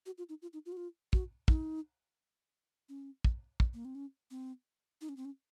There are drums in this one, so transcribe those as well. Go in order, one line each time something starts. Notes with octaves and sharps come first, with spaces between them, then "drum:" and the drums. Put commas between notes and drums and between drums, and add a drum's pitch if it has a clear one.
F#4
F4
D#4
F4
D#4
F4
F#4
F4
F#4, drum: kick
D#4, drum: kick
C#4
drum: kick
drum: kick
A#3
C4
C#4
C4
D#4
C#4
C4
C#4